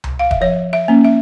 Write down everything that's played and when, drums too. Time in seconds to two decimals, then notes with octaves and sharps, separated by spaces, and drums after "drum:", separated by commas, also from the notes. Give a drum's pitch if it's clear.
0.04 drum: tom C2
0.19 F5
0.31 E5, drum: kick E1
0.41 F3 C#5
0.73 E5
0.88 A#3 C#4
1.04 E5